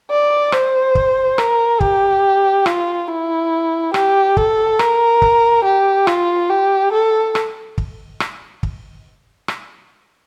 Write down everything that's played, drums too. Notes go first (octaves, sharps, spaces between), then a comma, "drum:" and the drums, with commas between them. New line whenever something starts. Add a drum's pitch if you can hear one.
D5
C5, drum: rim click
drum: kick
A#4, drum: rim click
G4, drum: kick
F4, drum: rim click
E4
G4, drum: rim click
A4, drum: kick
A#4, drum: rim click
drum: kick
G4
F4, drum: rim click
G4
A4
drum: rim click
drum: kick
drum: rim click
drum: kick
drum: rim click